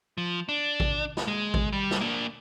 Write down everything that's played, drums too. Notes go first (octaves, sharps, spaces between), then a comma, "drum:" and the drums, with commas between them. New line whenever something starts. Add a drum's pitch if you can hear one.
F3
D4
drum: kick A1
drum: snare
G#3
drum: kick A1
G3
drum: snare
A#3 D4